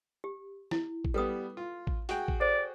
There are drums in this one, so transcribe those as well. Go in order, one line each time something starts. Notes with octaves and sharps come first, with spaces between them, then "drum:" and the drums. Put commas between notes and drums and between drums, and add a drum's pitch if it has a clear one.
G4
E4, drum: snare
drum: kick A1
G3 B3 A4 B4 D#6
F4
drum: kick A1
F#4 G#4 G5, drum: hi-hat
drum: kick A1
A4 C5 D5